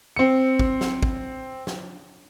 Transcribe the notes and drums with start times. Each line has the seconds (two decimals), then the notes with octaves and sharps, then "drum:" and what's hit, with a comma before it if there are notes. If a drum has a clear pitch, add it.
0.16 C4 C#7
0.59 drum: kick
0.81 drum: snare
1.02 drum: kick
1.67 drum: snare